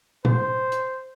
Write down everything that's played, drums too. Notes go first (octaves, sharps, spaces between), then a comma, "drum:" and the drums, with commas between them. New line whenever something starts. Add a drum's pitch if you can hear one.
C5, drum: tom A#2
drum: hi-hat